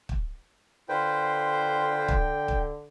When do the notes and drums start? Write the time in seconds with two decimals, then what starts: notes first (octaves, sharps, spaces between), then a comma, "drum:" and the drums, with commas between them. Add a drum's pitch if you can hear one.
0.09 drum: kick
0.89 D3 F4 B4 C5 G5
2.08 drum: kick
2.48 drum: kick